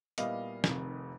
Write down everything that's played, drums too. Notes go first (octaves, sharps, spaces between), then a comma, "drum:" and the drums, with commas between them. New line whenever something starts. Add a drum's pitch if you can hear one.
A#2 G3 B3 E4 D#5 F5, drum: hi-hat
F1 F2 C3 D#3, drum: snare